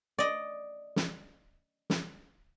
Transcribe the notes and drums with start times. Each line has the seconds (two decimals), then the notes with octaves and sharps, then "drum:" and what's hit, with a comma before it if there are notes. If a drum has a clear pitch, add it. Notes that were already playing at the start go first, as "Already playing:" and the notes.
0.19 D5 D#5
0.96 drum: snare
1.90 drum: snare